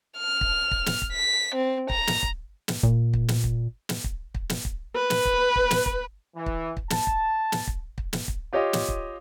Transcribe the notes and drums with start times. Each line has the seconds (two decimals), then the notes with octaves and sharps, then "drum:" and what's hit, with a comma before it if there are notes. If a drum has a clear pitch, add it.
0.18 F6
0.41 drum: kick
0.71 drum: kick
0.87 drum: snare
1.02 drum: kick
1.12 B6
1.55 C4
1.90 A#5, drum: kick
2.08 drum: snare
2.23 drum: kick
2.68 drum: snare
2.83 A#2, drum: kick
3.13 drum: kick
3.29 drum: snare
3.44 drum: kick
3.89 drum: snare
4.04 drum: kick
4.35 drum: kick
4.50 drum: snare
4.65 drum: kick
4.95 B4
5.10 drum: snare
5.25 drum: kick
5.56 drum: kick
5.71 drum: snare
5.86 drum: kick
6.36 E3
6.46 drum: kick
6.77 drum: kick
6.91 A5, drum: snare
7.07 drum: kick
7.52 drum: snare
7.67 drum: kick
7.98 drum: kick
8.13 drum: snare
8.28 drum: kick
8.53 F4 G4 C#5 D#5 F5
8.73 drum: snare
8.88 drum: kick